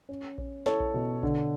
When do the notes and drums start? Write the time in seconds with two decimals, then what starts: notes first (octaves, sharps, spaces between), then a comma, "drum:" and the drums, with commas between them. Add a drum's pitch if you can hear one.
0.09 C#4
0.38 C#4, drum: kick A#1
0.66 E4 A4 C#5, drum: snare
0.80 drum: kick A#1
0.94 B2
1.23 D3, drum: kick A#1